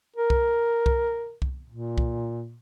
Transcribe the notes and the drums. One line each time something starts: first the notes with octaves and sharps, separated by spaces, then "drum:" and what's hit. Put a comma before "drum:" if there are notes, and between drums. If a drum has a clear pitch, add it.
A#4
drum: kick C2
drum: kick C2
drum: kick C2
A#2
drum: kick C2